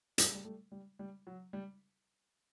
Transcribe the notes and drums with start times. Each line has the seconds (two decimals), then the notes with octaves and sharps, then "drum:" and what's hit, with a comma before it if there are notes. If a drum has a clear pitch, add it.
0.18 G3, drum: hi-hat
0.26 G#3
0.35 G3
0.45 G3 A3
0.72 G3
0.99 G3
1.27 F#3
1.53 G3